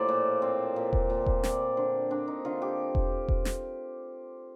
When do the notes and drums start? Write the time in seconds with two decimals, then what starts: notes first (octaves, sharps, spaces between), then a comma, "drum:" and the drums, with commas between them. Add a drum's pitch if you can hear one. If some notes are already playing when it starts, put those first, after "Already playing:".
Already playing: A2 F3 A#3 G4 C5 D5
0.09 A#2
0.42 C4
0.76 A#2
0.93 drum: kick E1
1.10 A#2
1.26 drum: kick E1
1.43 C4 D5, drum: snare
1.77 D3 C5
2.10 C4 D4
2.28 D#4
2.45 D3 F4
2.62 G4
2.95 drum: kick E1
3.28 drum: kick E1
3.45 drum: snare